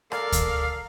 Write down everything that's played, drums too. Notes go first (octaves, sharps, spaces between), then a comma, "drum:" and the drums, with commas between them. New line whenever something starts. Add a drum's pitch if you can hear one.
A4 A#4 D5 F5, drum: rim click
drum: kick D2, hi-hat